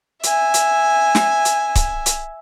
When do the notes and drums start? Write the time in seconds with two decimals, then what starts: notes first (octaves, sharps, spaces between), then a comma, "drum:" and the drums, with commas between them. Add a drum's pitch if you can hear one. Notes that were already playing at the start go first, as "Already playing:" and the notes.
0.24 E5 G#5, drum: hi-hat
0.54 drum: hi-hat
1.15 drum: snare
1.45 drum: hi-hat
1.76 drum: kick C#1, hi-hat
2.06 drum: hi-hat